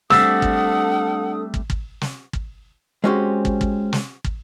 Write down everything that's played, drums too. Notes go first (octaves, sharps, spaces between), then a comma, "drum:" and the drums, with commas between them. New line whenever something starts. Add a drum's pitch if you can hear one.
G3 A3 C4 D4 A4 F#5 D#6 E6, drum: snare
drum: kick
drum: kick
drum: kick
drum: snare
drum: kick
G#3 C4 C#4 F#4 G4 C5
drum: kick
drum: kick
drum: snare
drum: kick